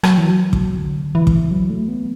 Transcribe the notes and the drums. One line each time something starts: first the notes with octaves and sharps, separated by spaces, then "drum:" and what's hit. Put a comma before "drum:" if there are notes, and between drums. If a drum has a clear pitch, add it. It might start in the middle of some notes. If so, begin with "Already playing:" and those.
F#3, drum: rim click
E3
F#3
drum: kick
D3
E3
drum: kick
F#3
A3
B3